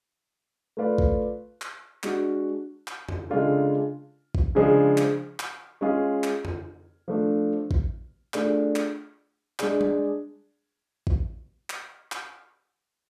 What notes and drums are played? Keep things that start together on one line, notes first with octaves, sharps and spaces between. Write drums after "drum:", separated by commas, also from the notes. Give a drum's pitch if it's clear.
A3 F4 B4 D5
drum: kick
drum: clap
G#3 D4 F#4, drum: clap
drum: clap
drum: tom F2
C#3 G#3 D4 F4 A4
drum: kick
C#3 F3 G#3 D4 G#4
drum: clap
drum: clap
G#3 C#4 F4 G#4
drum: clap
drum: tom F2
F3 A3 D4
drum: kick
A3 D4 F4 G#4 D5, drum: clap
drum: clap
G#3 D4 G#4 D5, drum: clap
drum: tom G3
drum: kick
drum: clap
drum: clap